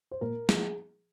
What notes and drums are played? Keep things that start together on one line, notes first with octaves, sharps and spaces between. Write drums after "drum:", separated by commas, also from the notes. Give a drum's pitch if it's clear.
C5
A#2 A#4
F3 G#4, drum: snare